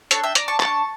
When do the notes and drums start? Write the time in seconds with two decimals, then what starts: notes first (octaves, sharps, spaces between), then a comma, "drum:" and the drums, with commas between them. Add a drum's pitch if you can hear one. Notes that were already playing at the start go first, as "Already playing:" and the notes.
0.11 D4 A4 C#5, drum: hi-hat
0.23 E5 G5
0.35 D4 A#5 D6, drum: hi-hat
0.48 A5 C#6
0.60 D4 A5 C#6, drum: clap